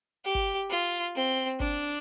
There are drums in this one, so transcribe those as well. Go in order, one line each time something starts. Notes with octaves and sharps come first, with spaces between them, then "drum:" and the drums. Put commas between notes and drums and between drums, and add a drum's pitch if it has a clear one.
G4, drum: hi-hat
drum: kick
F4
C4
D4, drum: kick